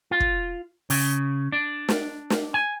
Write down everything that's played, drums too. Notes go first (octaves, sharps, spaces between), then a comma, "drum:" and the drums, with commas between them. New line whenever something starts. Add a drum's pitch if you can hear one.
F4
drum: kick
C#3, drum: open hi-hat
D4
drum: snare
drum: snare
G#5